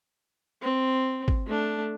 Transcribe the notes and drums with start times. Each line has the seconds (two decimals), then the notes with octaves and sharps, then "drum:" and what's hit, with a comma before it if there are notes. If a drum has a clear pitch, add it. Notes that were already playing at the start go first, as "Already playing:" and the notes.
0.62 C4
1.28 drum: kick
1.46 A3 D4